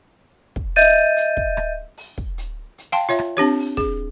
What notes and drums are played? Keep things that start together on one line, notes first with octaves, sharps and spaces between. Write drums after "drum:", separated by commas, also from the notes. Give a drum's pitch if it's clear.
drum: kick
D#5 E5 G6 A6 D#7, drum: hi-hat
drum: hi-hat
drum: kick
drum: rim click
drum: open hi-hat
drum: kick
drum: hi-hat
drum: hi-hat
F5 G5 A5 C6
F4 C#5 E5
drum: rim click
C4 D4 G4 C#5
drum: open hi-hat
G#4, drum: kick